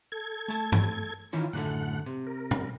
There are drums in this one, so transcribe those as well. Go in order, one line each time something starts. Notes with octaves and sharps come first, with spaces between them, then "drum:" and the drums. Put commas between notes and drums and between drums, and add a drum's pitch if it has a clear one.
A4 G#6
A3 A5
drum: tom G2
D#3 E3 C#4 F4
F#2 A2 D3 A3 F#5
C3
A#4
drum: tom